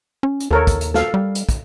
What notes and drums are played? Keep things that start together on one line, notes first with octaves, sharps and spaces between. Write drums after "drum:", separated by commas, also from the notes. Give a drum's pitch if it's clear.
C#4
drum: hi-hat
D#2 A4 A#4 C#5
drum: kick, hi-hat
drum: hi-hat
A4 F5, drum: snare
G3
drum: hi-hat
drum: kick, hi-hat